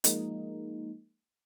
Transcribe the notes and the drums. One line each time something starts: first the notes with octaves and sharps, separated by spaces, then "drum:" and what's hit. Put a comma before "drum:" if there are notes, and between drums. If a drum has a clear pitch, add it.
F3 G#3 A#3 D#4, drum: hi-hat